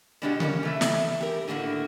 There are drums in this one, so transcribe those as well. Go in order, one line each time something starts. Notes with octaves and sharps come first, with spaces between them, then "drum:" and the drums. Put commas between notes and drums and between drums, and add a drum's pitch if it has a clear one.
B2 G#3 D4 F#4 G4 D#5
G3 G#3 A#3 C#4, drum: tom C#3
E3 A3 E5
drum: snare
G4 A#4
A2 D3 A#3 F4 F#4